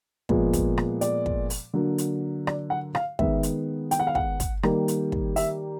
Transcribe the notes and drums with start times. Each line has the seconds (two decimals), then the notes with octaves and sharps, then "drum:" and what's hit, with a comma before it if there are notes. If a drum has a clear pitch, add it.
0.29 A#2 F3 G#3 B3, drum: kick
0.53 drum: kick, hi-hat
0.78 drum: rim click
1.01 D5, drum: hi-hat
1.26 drum: kick
1.50 drum: open hi-hat
1.74 D3 F#3 A#3
1.98 drum: hi-hat
2.47 D5, drum: rim click
2.70 F#5
2.95 F5, drum: rim click
3.19 D#3 G#3 B3 E5, drum: kick
3.43 drum: hi-hat
3.91 G5, drum: hi-hat
4.00 F#5
4.07 F5
4.15 F#5, drum: kick
4.40 drum: kick, hi-hat
4.63 D#3 G3 A#3, drum: rim click
4.88 drum: hi-hat
5.12 drum: kick
5.36 E5, drum: open hi-hat